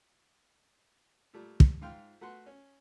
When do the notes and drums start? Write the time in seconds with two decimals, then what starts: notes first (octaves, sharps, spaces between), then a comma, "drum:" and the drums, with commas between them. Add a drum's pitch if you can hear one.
1.33 A#2 G3 A3
1.60 drum: kick
1.81 G#2 F4 F5 G5 C6 F6
2.21 A3 F#4 B4 F#5 C6
2.46 C#4